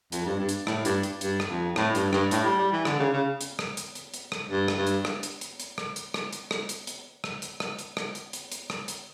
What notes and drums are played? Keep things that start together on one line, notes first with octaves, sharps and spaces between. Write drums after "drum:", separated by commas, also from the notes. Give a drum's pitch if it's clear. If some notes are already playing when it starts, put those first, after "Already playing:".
F2, drum: hi-hat
G2
G2
drum: hi-hat
A2, drum: rim click
G2, drum: hi-hat
drum: hi-hat
G2, drum: hi-hat
drum: rim click
F2
A2, drum: rim click
G2, drum: hi-hat
G2, drum: rim click
A2, drum: hi-hat
G3
G3
E3
D3, drum: rim click
C#3
C#3
drum: hi-hat
drum: rim click
drum: hi-hat
drum: hi-hat
drum: hi-hat
drum: rim click
G2
drum: rim click
G2
drum: hi-hat
drum: rim click
drum: hi-hat
drum: hi-hat
drum: hi-hat
drum: rim click
drum: hi-hat
drum: rim click
drum: hi-hat
drum: rim click
drum: hi-hat
drum: hi-hat
drum: rim click
drum: hi-hat
drum: rim click
drum: hi-hat
drum: rim click
drum: hi-hat
drum: hi-hat
drum: hi-hat
drum: rim click
drum: hi-hat